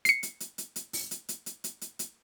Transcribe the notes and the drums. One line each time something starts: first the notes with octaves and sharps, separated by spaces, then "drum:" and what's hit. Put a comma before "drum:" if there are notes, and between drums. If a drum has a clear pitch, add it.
C7 C#7, drum: hi-hat
drum: hi-hat
drum: hi-hat
drum: hi-hat
drum: hi-hat
drum: open hi-hat
drum: hi-hat
drum: hi-hat
drum: hi-hat
drum: hi-hat
drum: hi-hat
drum: hi-hat